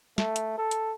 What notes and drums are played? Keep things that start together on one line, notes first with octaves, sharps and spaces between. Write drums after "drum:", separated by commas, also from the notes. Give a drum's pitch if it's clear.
A3, drum: snare
drum: hi-hat
A4
drum: hi-hat